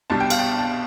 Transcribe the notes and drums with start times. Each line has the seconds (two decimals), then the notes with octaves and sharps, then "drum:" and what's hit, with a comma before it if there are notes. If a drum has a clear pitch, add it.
0.10 C2 B2 G3 D4 A5
0.20 G5
0.30 F5, drum: cymbal
0.39 G5
0.58 A5